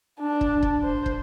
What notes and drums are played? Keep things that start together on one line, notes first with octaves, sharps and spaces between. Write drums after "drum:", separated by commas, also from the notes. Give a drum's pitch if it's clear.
D4
drum: kick
drum: kick
C5
drum: kick